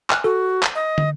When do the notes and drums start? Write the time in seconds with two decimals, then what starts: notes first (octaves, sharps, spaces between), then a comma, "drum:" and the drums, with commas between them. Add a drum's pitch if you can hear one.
0.10 G#5 F6 F#6, drum: clap
0.24 F#4 A4
0.63 drum: clap
0.75 D#5
0.98 drum: tom